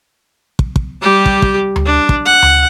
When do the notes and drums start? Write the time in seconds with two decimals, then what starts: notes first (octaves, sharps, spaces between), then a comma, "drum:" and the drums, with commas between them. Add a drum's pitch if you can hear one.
0.59 drum: kick
0.76 drum: kick
1.02 G3 G4
1.26 drum: kick
1.42 drum: kick
1.76 drum: tom D2
1.86 D4
2.09 drum: kick
2.26 F#5
2.42 drum: tom D2